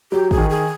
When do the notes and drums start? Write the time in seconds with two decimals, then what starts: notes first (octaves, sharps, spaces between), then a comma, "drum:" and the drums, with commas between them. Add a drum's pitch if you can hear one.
0.12 F#3 G4
0.31 G#4, drum: kick
0.38 D#3
0.50 G#4